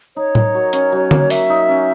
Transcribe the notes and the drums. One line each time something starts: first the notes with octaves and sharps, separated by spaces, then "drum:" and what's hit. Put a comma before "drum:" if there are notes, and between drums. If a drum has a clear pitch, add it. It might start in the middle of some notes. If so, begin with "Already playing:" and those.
D#4 C#5
A#4, drum: tom A2
F#3
C#4, drum: hi-hat
F#3
A#3, drum: tom D3
A#3 E5, drum: open hi-hat
D#4
C#4